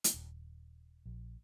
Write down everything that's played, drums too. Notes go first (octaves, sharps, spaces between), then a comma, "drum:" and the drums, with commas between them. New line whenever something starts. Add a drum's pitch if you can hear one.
drum: hi-hat
D#1
A#1